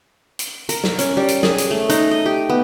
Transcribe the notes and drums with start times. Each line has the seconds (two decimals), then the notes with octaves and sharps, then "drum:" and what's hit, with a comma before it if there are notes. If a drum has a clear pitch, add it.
0.39 drum: hi-hat
0.69 A#4, drum: hi-hat
0.84 drum: snare
0.99 C#4, drum: hi-hat
1.17 G3
1.28 drum: hi-hat
1.43 G#4, drum: snare
1.58 drum: hi-hat
1.71 A3
1.90 D#4, drum: hi-hat
2.11 D#5
2.26 G4
2.50 B3